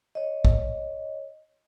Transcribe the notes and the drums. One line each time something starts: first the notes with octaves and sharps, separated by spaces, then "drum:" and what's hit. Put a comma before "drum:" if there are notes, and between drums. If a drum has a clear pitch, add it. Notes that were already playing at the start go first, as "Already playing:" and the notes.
C#5 D#5
drum: kick